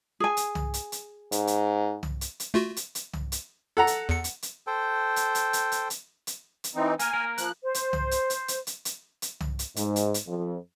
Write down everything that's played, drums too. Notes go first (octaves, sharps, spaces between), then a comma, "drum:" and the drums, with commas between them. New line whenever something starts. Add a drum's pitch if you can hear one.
G#4 G#5
drum: hi-hat
drum: tom C2
drum: hi-hat
drum: hi-hat
G#2, drum: hi-hat
drum: hi-hat
drum: tom C2
drum: hi-hat
drum: hi-hat
A3 F4 F#4
drum: hi-hat
drum: hi-hat
drum: tom C2
drum: hi-hat
A4 F#5 A#5
drum: hi-hat
E2 C#7
drum: hi-hat
drum: hi-hat
A4 C5 G5
drum: hi-hat
drum: hi-hat
drum: hi-hat
drum: hi-hat
drum: hi-hat
drum: hi-hat
drum: hi-hat
E3 C4 D#4
A#3 A#4 G#5, drum: hi-hat
A#3 A#4
F3 F#6, drum: hi-hat
C5
drum: hi-hat
drum: tom C2
drum: hi-hat
drum: hi-hat
drum: hi-hat
drum: hi-hat
drum: hi-hat
drum: hi-hat
drum: tom C2
drum: hi-hat
G#2, drum: hi-hat
drum: hi-hat
drum: hi-hat
F2